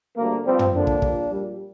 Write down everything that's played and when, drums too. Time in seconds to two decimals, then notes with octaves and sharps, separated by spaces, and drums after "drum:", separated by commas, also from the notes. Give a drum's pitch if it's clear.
0.16 D2 D3 G3 A#3
0.45 G2 F3 G3 C4
0.59 drum: tom
0.73 F2 D3 F3 A#3 D4
0.87 drum: kick
1.02 A#1 A#2 G3, drum: kick
1.30 A#1 A#2 G3